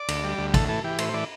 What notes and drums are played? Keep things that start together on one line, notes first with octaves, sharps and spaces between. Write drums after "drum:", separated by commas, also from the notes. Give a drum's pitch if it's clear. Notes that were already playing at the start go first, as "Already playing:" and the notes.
Already playing: D5
D2, drum: cymbal
G3
D2
A2 A4, drum: kick, cymbal
E3 A4
E3 G4
A2 C5, drum: cymbal
C5
E3 D5